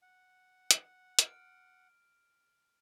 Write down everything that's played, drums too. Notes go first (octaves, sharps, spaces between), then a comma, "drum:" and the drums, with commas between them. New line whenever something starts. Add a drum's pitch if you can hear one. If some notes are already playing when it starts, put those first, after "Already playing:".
F#5
drum: hi-hat
F6 D7, drum: hi-hat